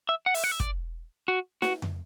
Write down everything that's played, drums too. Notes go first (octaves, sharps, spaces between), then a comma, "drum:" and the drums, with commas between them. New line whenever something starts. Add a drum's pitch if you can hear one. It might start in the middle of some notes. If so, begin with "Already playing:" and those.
E5
F#5
E5, drum: open hi-hat
F#5
E5
D5, drum: kick
F#4
F#4, drum: snare
drum: tom F2